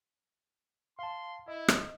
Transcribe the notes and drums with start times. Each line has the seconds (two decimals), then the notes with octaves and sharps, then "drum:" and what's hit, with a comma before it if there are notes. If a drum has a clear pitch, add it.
0.99 F5 A5 C6
1.48 E4 D#5
1.68 drum: rim click